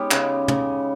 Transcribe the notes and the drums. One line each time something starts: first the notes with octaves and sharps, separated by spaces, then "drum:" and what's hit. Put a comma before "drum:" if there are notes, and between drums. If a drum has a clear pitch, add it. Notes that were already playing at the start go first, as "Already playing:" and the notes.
Already playing: G#3 B3 C#4 D#4 G4
C#3, drum: clap
C#3, drum: tom